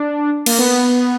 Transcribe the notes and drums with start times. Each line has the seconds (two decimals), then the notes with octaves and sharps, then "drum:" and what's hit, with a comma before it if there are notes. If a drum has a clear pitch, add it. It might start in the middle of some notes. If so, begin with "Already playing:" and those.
Already playing: D4
0.46 A#3, drum: cymbal
0.59 B3